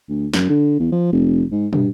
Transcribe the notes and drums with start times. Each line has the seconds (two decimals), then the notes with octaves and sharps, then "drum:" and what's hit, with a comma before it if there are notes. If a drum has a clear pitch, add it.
0.09 D2
0.33 F#2, drum: snare
0.50 D3
0.79 E2
0.92 F3
1.12 F1
1.51 G#2
1.73 G2, drum: tom